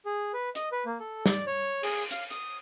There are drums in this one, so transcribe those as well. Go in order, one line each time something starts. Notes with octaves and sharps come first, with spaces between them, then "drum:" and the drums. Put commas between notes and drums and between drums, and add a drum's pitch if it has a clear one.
G#4
B4
D#5, drum: hi-hat
B4
A#3
A4
D5, drum: snare
C#5
G#4, drum: cymbal
F5, drum: hi-hat
D#6, drum: hi-hat